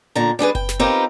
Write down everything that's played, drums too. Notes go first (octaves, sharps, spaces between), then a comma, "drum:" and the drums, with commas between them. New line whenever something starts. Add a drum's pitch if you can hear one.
A#2 D3 A#5
G3 D4 G#4 B4
G5, drum: kick F#1
drum: snare
C4 D#4 F4 G4 A#4 B4